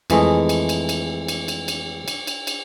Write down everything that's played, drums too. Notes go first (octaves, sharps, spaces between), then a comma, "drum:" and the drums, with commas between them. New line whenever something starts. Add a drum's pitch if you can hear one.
F2 E3 G#3 A3 D#5, drum: cymbal
drum: cymbal
drum: cymbal
drum: cymbal
drum: cymbal
drum: cymbal
drum: cymbal
drum: cymbal
drum: cymbal
drum: cymbal